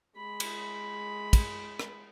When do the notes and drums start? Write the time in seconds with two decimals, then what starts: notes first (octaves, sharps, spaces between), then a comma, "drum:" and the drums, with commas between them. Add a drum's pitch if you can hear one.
0.17 G#3 B5
0.40 drum: cymbal
1.33 drum: kick, cymbal
1.79 drum: rim click